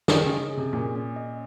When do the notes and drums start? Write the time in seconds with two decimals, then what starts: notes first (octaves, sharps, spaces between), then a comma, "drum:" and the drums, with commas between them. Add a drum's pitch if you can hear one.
0.08 D#3 G#4, drum: snare
0.25 C#3
0.30 D#5
0.52 G#4
0.57 C3
0.73 A#2 C#4
0.95 C#4
1.16 D#5